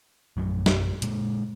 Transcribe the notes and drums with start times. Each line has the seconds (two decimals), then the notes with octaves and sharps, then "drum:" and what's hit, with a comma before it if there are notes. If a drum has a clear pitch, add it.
0.37 A#1 F#2 F#3
0.66 drum: snare
1.02 A#2 G#3, drum: hi-hat